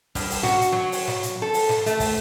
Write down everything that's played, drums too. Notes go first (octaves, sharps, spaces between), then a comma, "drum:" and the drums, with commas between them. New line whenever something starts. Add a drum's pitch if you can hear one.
G2, drum: kick, open hi-hat
drum: open hi-hat
F#4, drum: snare
drum: hi-hat
F#3
drum: open hi-hat
drum: snare
drum: hi-hat
A4
drum: open hi-hat
drum: snare
A3, drum: hi-hat
drum: kick, open hi-hat